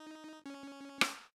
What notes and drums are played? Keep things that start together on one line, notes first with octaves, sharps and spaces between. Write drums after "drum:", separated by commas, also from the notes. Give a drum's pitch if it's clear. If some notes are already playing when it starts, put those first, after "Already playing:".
Already playing: D#4
C#4
drum: rim click